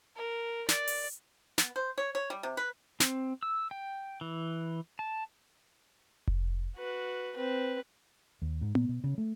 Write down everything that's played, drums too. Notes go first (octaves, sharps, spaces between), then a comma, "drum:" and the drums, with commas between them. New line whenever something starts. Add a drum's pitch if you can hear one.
A#4
D5, drum: snare
drum: open hi-hat
B3, drum: snare
C5
C#5
C#5
G3
C3
B4
C4, drum: snare
E6
G5
E3
A5
drum: kick F1
F#4 B4
C4 B4
D#2
G#2
A#2, drum: tom B3
B2
C#3
A3